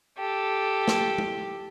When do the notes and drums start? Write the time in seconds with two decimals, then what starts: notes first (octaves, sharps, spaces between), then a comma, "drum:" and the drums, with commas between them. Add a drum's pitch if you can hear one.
0.18 G4 A4
0.88 drum: snare
1.18 drum: tom G#3